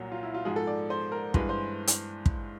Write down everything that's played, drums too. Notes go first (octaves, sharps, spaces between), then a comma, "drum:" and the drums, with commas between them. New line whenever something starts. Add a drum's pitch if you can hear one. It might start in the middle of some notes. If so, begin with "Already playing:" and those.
Already playing: C2 A#2 F#3
F4
E4
F4
G#2 F3 G#3 G#4
A4
D5
C5
A#4
G2 E3 G#3 B4, drum: kick
C5
drum: hi-hat
drum: kick